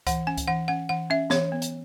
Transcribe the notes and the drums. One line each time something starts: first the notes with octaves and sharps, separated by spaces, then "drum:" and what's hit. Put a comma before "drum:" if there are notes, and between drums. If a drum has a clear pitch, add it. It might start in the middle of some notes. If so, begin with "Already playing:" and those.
E3 F#5, drum: kick C#2, hi-hat
C#4 G#5
drum: kick C#2, hi-hat
E3 F#5
C#4 F#5
E3 F#5
C#4 E5
E3 C#5, drum: snare
B3
drum: hi-hat